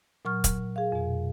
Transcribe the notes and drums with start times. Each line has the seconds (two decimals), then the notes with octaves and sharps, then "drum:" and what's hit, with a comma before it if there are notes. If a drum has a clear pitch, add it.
0.25 A#2 F#3 C#6 F6
0.44 drum: kick, hi-hat
0.76 G#4 F5
0.92 F2 B2